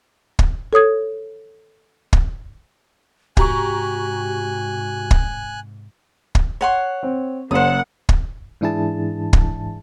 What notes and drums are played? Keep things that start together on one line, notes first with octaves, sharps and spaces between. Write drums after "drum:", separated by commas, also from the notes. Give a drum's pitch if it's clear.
drum: kick
A4 C#5 D#6 G#6
drum: kick
G#2 C3 F#4 G4 G#5 A#5 C#6 F#6, drum: kick
drum: kick
drum: kick
C#5 F#5 C6
C4
F#1 A#3 C5 F#5 D#6
drum: kick
G#2 E3 D4 E4 G#4 A5
drum: kick